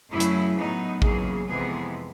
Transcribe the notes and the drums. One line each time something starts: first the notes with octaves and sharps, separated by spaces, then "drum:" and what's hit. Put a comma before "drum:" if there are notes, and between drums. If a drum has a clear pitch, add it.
F#2 C#3 F#3 A3 E4
drum: hi-hat
A2 F#3 B3 D#4
E2 C#3 F#3 A#3 G#4, drum: kick A1
F2 C3 E3 G#3 B3 G#4